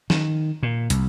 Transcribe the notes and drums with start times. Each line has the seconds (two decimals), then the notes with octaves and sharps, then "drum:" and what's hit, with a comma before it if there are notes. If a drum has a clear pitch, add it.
0.10 D#3, drum: snare
0.63 A#2
0.90 C2, drum: hi-hat